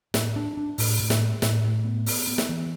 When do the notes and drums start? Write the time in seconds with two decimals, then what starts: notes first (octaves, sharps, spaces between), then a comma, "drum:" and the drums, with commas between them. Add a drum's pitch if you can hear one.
0.14 A2, drum: snare
0.36 D4
0.57 D4
0.78 A2, drum: open hi-hat
0.99 A2
1.10 drum: snare
1.21 G#3
1.42 A2, drum: snare
1.64 A2
1.84 B3
2.06 B3, drum: open hi-hat
2.27 B3
2.38 drum: snare
2.49 E3